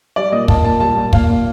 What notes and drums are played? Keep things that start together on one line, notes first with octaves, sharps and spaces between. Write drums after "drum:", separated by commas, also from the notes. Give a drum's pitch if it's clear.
G3 D5
A#2 D#5
A#3 A5, drum: kick
A#2 A5
G3 A5
A#2
A#3 F5, drum: kick
A#2